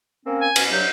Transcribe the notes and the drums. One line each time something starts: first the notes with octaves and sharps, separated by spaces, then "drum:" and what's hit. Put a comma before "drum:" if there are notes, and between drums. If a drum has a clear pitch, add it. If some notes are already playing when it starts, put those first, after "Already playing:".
A#3 C4 C#4
G#5
B2 C#4, drum: cymbal
G2 F#3 G6